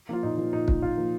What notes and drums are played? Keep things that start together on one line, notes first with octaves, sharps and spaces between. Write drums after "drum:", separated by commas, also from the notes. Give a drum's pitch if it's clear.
F3 A#3 F4
A#2 D#4
F3 A#3
A#2 D#4
F3 A#3, drum: kick
A#2 F4
F3 A#3